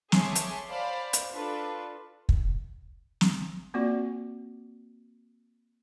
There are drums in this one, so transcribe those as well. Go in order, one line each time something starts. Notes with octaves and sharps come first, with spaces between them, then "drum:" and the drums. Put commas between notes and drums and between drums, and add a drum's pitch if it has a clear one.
G#4 C#5 E5 A5 C6 D6, drum: snare
drum: hi-hat
C5 D5 F5 A5 B5
drum: hi-hat
D4 F4 A4 B4
drum: kick
drum: snare
A#3 C4 F4 F#4 D5